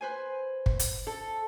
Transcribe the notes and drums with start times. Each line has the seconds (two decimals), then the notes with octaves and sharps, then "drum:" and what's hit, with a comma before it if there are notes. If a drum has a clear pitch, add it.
0.01 B4 C5 G#5
0.66 drum: kick
0.79 drum: hi-hat
1.07 A4